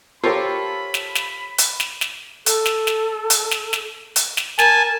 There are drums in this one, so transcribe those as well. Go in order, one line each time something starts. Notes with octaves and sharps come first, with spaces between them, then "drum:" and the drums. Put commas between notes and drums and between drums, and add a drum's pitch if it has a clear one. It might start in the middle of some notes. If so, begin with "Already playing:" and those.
F4 G4 A4 A#4 C5 C#5 B5
drum: snare
drum: snare
drum: hi-hat
drum: snare
drum: snare
A4, drum: hi-hat
drum: snare
drum: snare
drum: hi-hat
drum: snare
drum: snare
drum: hi-hat
drum: snare
A#4 G#5 A5, drum: snare